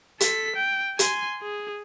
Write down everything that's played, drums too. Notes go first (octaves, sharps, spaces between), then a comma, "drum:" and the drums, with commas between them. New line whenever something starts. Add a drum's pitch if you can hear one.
A4 B6, drum: hi-hat
G5
G#5 C6, drum: hi-hat
G#4